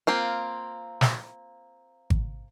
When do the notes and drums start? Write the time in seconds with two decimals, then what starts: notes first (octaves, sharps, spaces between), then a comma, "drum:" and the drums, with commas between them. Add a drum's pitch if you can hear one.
0.07 A#3 C4 F4
1.01 drum: snare
2.10 drum: kick G#1